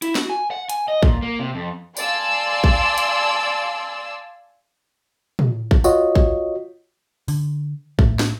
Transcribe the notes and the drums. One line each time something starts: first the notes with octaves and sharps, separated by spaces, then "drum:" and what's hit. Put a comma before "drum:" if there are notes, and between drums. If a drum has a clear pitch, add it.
E4, drum: hi-hat
F#4, drum: snare
G#5
F#5
G#5, drum: hi-hat
D#5
A#2, drum: kick
A#3
C3
F2
D5 F5 G#5 A5 C6 E6, drum: tambourine
drum: kick
drum: hi-hat
drum: tom
drum: kick
F4 F#4 C#5 D#5, drum: tambourine
drum: kick
D3, drum: open hi-hat
A2, drum: kick
drum: snare